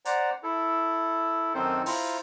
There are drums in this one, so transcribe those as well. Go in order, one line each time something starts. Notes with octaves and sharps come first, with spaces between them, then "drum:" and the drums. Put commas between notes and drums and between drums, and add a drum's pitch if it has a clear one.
C5 D5 F#5 A#5, drum: hi-hat
E4 A4
F#2 D#3 C4 D#4 A4 C5
E4 F4 C5 A#5, drum: open hi-hat